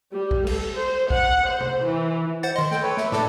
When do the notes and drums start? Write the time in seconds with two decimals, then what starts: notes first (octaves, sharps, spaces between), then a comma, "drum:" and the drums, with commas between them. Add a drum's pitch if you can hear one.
0.12 G3
0.31 drum: kick
0.47 A4, drum: cymbal
0.76 C5
1.10 F#5, drum: kick
1.49 C5
1.60 drum: tom C3
1.84 E3
2.43 C5 F#5 A6
2.56 D#3 D#5 C6
2.71 A4 G5, drum: snare
2.82 A4 B4 C#5
2.97 E5, drum: snare
3.12 A2 D4 A4 D5 A5 D6, drum: snare